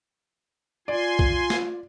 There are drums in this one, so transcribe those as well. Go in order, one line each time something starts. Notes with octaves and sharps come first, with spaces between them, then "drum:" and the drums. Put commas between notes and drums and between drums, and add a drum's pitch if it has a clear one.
F4 D5 G#5 C6
drum: kick B1
drum: snare